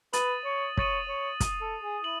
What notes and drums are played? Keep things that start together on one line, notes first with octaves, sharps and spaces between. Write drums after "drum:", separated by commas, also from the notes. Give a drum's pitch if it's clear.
B4 D#6 A6 D#7 F#7, drum: hi-hat
C#5
C#5 D#6 A6 D#7 F#7, drum: kick
C#5
D#6 A6 D#7 F#7, drum: kick, hi-hat
A4
G#4
E4 D#7 F#7